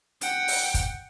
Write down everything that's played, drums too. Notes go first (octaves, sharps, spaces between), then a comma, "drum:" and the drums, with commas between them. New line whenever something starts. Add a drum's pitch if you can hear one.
F#5 G5, drum: hi-hat
drum: open hi-hat
drum: kick, hi-hat